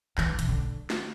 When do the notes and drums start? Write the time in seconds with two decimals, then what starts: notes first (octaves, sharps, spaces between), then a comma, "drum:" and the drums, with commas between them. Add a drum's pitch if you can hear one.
0.18 E3, drum: clap
0.29 D3
0.39 C3, drum: hi-hat
0.49 D3
0.90 drum: snare